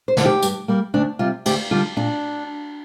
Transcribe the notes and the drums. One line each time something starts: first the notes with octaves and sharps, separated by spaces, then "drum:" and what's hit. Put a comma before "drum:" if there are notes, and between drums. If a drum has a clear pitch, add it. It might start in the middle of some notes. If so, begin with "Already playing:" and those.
C5
D3 F3 A#3, drum: snare
G4
G2, drum: tambourine
G3 A#3
D2 D4
C3 G3 F4
D2 G4, drum: cymbal
D3 G3 F4
A#2 D4